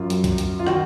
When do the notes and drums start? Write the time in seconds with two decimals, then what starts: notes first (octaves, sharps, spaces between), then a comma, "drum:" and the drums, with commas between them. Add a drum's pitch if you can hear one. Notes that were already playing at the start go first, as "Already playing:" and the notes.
Already playing: F#2 F4
0.10 F#3, drum: hi-hat
0.24 drum: kick, hi-hat
0.38 F#3, drum: hi-hat
0.59 F4
0.67 D#3 F#4, drum: rim click